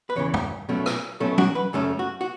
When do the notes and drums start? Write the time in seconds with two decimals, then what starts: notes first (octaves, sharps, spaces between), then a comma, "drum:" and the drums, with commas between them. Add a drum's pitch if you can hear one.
0.10 B4
0.16 E2 C#3 E3 C#5
0.34 drum: tom G2
0.69 B2 F#3 A3 C#4
0.86 drum: rim click
1.20 B2 F#3 A3 C#4 A4
1.38 F#4, drum: tom F#3
1.55 B4
1.73 F#2 C#3 A3 C#4 A4
1.99 F#4
2.21 F#4